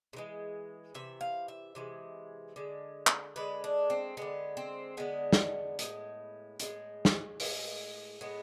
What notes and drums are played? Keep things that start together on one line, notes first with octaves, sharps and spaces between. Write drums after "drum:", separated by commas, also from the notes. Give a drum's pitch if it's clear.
C3
E3 G#3
C3 E3 E5
F5
E5
C3 E3 G#3
D3 G#3
drum: clap
D3 G#3 B4
D4
C4
D3 G#3 B3
C4
D3 G#3 B3
drum: snare
A2 G#3, drum: hi-hat
A2 G#3, drum: hi-hat
drum: snare
A2 G#3, drum: open hi-hat
A2 G#3 B3